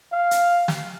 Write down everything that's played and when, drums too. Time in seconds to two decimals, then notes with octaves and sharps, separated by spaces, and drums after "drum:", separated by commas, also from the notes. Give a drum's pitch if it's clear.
0.12 F5
0.31 drum: hi-hat
0.68 drum: snare